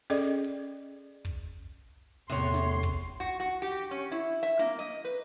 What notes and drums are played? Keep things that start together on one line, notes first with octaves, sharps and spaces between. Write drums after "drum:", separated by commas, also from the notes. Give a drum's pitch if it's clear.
C#4 G#4 A4 D5 D#5
drum: open hi-hat
drum: kick
E2 A2 C3 C#5 C6
drum: snare
drum: kick
F#4
F#4
G4
C#4
E4
E5
A#3, drum: snare
D#5
B4